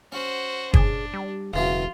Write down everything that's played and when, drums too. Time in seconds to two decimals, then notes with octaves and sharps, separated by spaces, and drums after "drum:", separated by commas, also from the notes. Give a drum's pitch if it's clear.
0.12 C#4 F#4 C5
0.74 D4 G#4, drum: kick
1.13 G3
1.54 E1 C#3 E3 F#3 F4